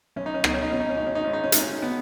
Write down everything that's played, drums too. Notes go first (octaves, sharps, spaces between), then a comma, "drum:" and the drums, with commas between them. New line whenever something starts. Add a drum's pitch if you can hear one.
B1 C#4
D#4
C#4
B2 D#4, drum: rim click
C#4
D#4
B2 C#4
D#4
C#4
G#1 D#4
C#4
D#4
G#1 C#4
D#4
C#4
G#1 D#4, drum: hi-hat
C#4
B3